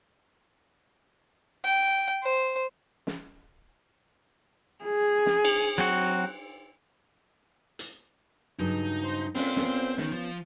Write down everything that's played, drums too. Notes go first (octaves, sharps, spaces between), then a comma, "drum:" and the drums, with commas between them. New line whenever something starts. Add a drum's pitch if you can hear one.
G5
C5
drum: snare
G#4
drum: snare
drum: cymbal
F#3 C4 F#4
drum: hi-hat
G2 C#3 F#3 D#4
C5
A#2 D3 C4 C#4 C5, drum: open hi-hat
B3 C#4, drum: snare
D#3, drum: snare
F3